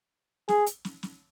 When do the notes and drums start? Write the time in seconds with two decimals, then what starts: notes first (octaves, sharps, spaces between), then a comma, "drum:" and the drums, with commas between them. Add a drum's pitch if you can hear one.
0.48 G#4, drum: snare
0.66 drum: hi-hat
0.85 drum: snare
1.03 drum: snare